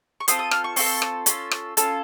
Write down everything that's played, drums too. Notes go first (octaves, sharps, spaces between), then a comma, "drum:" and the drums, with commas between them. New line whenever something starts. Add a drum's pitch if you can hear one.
C#6
C4 F4 A4 D#6, drum: hi-hat
D#6
F6, drum: rim click
C#6
C4 F4 A4 C#6, drum: open hi-hat
drum: rim click
C#4 F4 A4, drum: hi-hat
drum: rim click
C#4 F4 A4, drum: hi-hat